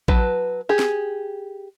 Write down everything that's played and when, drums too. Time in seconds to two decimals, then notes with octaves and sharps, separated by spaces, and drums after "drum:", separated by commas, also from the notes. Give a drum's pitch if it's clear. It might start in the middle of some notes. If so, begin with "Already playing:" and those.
0.08 F#3 B4 A5, drum: kick A1
0.69 G4 G#4
0.79 drum: snare